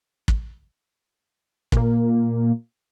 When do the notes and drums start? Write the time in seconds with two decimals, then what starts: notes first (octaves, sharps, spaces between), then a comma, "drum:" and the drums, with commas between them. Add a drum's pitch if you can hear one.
0.28 drum: kick
1.72 A#2 A#3, drum: kick